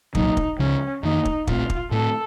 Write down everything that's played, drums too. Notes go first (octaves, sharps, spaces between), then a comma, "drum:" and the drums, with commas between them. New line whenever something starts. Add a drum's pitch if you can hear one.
C2 A#2 F#3 A#3 D#4, drum: kick
drum: kick
C#2 C#3 F3 C#4
F2 D#3 A#3 D#4
drum: kick
A#1 A#2 A3 C4 F4, drum: kick
drum: kick
A2 A3 C4 A4